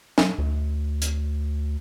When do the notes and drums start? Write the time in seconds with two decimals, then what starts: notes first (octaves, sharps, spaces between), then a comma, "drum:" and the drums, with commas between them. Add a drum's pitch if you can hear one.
0.18 F#3, drum: snare
0.38 D2
1.02 drum: hi-hat